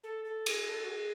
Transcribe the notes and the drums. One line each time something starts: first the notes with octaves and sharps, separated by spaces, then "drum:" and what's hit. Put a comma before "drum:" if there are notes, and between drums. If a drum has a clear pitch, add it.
A4
A4
G#4, drum: cymbal
A4
F#4
G#4